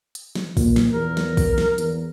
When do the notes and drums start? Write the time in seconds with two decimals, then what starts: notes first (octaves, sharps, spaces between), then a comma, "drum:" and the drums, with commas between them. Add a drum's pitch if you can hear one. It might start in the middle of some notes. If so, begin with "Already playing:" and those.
0.15 drum: hi-hat
0.35 drum: snare
0.57 A#2, drum: kick, open hi-hat
0.76 drum: snare
0.93 E2 A#4
1.17 drum: snare
1.37 drum: kick, open hi-hat
1.58 drum: snare
1.78 E2, drum: hi-hat